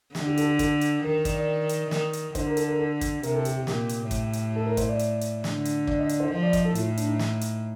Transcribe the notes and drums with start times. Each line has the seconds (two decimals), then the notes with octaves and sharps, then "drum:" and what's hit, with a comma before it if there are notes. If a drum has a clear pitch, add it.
0.15 D3 G4, drum: snare
0.26 G4
0.38 A4, drum: hi-hat
0.48 G4
0.59 A4, drum: kick, hi-hat
0.81 drum: hi-hat
1.03 D#3 A#4
1.14 A#4
1.25 D5, drum: kick, hi-hat
1.36 D5
1.69 drum: hi-hat
1.91 D#3, drum: snare
2.13 drum: hi-hat
2.35 D3 C5, drum: kick, hi-hat
2.46 A#4
2.57 A4, drum: hi-hat
2.68 A#4
2.79 A4
3.01 drum: kick, hi-hat
3.23 C3 A#4, drum: hi-hat
3.35 A4
3.45 G4, drum: hi-hat
3.56 G4
3.67 A#2 G4, drum: snare
3.89 drum: hi-hat
4.11 A2, drum: kick, hi-hat
4.33 drum: hi-hat
4.56 A4
4.66 A#4
4.77 C5, drum: kick, hi-hat
4.89 D5
4.99 drum: hi-hat
5.21 drum: hi-hat
5.44 D3, drum: snare
5.65 drum: hi-hat
5.87 D5, drum: kick
5.99 D#5
6.09 D5, drum: hi-hat
6.20 C5
6.31 F3 C5
6.43 D5
6.53 D#5, drum: kick, hi-hat
6.65 A4
6.75 A2 F4, drum: hi-hat
6.87 D#4
6.97 D4, drum: hi-hat
7.08 D#4
7.19 drum: snare
7.41 drum: hi-hat